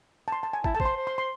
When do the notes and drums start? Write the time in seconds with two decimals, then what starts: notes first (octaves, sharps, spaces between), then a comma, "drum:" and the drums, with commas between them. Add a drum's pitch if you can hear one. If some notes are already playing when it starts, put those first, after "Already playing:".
0.28 A5
0.32 C6
0.43 A5
0.53 G#5
0.64 E4 A5, drum: kick
0.75 A4 A5
0.80 C5, drum: kick
0.85 C6
0.96 C5
1.07 C6
1.18 C6